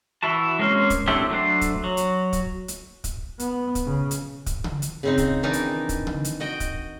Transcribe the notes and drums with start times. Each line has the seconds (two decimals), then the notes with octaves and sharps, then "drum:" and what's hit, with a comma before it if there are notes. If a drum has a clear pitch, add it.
0.23 E3 E4 F#4 A5
0.59 G#3 A#3 C4 C#4 C5
0.90 drum: kick, hi-hat
1.08 A3 C4 D4 E4 G4
1.30 F#3 A3 D4 C5
1.61 drum: kick, hi-hat
1.84 F#3
1.97 drum: hi-hat
2.33 drum: kick, hi-hat
2.68 drum: hi-hat
3.04 drum: kick, hi-hat
3.40 B3, drum: hi-hat
3.75 drum: kick, hi-hat
3.86 C#3
4.11 drum: hi-hat
4.46 drum: kick, hi-hat
4.64 drum: tom C#3
4.82 drum: hi-hat
5.03 C#3 C4 D#4
5.18 drum: kick, hi-hat
5.43 D#3 E3 D4 D#4 A#4
5.53 drum: hi-hat
5.89 drum: kick, hi-hat
6.07 drum: tom C#3
6.25 drum: hi-hat
6.40 F#4 D#5 G5
6.60 drum: kick, hi-hat